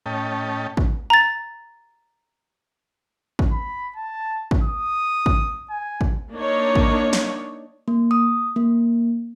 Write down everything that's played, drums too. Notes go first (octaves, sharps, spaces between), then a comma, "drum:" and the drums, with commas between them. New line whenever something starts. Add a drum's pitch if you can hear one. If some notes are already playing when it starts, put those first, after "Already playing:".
A2 C#4 D#5 G5 A5
drum: kick A1
A#5 A6
drum: kick A1
B5
A5
drum: kick A1
D#6
drum: kick A1
G#5
drum: kick A1
A#3 D4 D#4 C#5
drum: kick A1
drum: snare
A#3
D#6
A#3